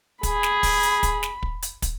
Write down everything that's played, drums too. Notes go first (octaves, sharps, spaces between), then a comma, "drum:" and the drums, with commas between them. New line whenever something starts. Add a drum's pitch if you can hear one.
G#4 B5, drum: kick, hi-hat
drum: snare
drum: kick, open hi-hat
drum: hi-hat
drum: kick, hi-hat
drum: snare
drum: kick
drum: hi-hat
drum: kick, hi-hat